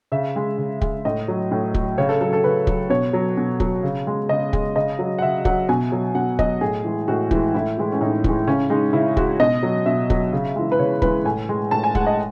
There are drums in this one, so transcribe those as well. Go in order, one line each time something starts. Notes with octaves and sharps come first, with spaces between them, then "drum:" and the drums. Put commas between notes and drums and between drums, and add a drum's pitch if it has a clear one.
C#3 E5
G#3
C#3
G#3, drum: kick
A2 D#5
F#3
A2
F#3, drum: kick
C#3 C#5
A4
F#3 A4
A4
C#3 B4
F#3, drum: kick
B2 C#5
F#3
B2
F#3, drum: kick
C#3
G#3
C#3 D#5
G#3, drum: kick
C#3 D#5
F#3
F#5
C#3 E5
F#3 F#5, drum: kick
B2 G#5
F#3
B2 F#5
F#3 D#5, drum: kick
A2 G#4
E3 G#3
A2 F#4
E3 G#3, drum: kick
A2 E4
E3 G#3
C#4
A2 D#4
E3 G#3, drum: kick
C#3 C#4
G#3 D#4
C#3 E4
G#3 F#4, drum: kick
B2 D#5
F#3
B2 E5
F#3, drum: kick
C#3
E3 G#3
B4
C#3 C#5
E3 G#3 B4, drum: kick
A2 G#5
G#3
A2 A5
G#5
G#3 F#5, drum: kick
D#5